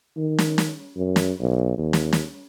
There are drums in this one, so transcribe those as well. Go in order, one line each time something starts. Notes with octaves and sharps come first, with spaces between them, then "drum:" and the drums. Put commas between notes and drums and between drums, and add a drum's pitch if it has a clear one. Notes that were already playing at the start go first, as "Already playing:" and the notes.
D#3
drum: snare
drum: snare
F#2
drum: snare
B1
D#2
drum: snare
drum: snare